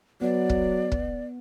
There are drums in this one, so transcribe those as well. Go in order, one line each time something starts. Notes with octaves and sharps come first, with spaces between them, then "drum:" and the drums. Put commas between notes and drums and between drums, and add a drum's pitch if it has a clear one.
F#3 B3 D5
drum: kick
drum: kick